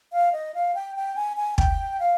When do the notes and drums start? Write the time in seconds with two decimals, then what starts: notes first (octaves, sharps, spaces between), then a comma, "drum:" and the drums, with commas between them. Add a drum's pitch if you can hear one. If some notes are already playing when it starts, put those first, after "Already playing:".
0.13 F5
0.32 D#5
0.54 F5
0.75 G5
0.96 G5
1.16 G#5
1.37 G#5
1.58 G5, drum: kick
2.00 F5